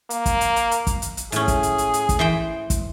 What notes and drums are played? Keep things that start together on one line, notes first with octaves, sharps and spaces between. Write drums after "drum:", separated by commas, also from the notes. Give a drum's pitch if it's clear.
A#3, drum: hi-hat
drum: kick, hi-hat
drum: hi-hat
drum: hi-hat
drum: hi-hat
drum: kick, hi-hat
drum: hi-hat
drum: hi-hat
A2 C#4 G#4, drum: hi-hat
drum: kick, hi-hat
drum: hi-hat
drum: hi-hat
drum: hi-hat
drum: kick, hi-hat
E3 C5 G5
drum: kick, hi-hat